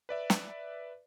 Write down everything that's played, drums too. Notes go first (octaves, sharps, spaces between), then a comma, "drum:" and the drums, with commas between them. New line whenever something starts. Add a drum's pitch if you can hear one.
B4 D5 E5
drum: snare